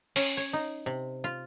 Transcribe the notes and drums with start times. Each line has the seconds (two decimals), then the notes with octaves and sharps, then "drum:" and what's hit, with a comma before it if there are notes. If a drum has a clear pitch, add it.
0.16 C#4, drum: open hi-hat
0.37 C#5
0.53 D#4
0.86 C3
1.24 F4